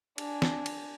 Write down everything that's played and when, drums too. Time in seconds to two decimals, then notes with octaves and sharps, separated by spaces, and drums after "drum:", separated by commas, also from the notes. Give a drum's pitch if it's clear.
0.18 D4 G#5, drum: cymbal
0.42 drum: snare
0.66 drum: cymbal